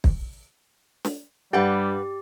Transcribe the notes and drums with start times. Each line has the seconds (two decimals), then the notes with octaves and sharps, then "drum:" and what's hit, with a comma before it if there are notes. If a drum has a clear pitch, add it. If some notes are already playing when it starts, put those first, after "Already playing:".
0.04 drum: kick
1.05 drum: snare
1.53 G2 G3 D4 G4 B4 F#5 G5 A6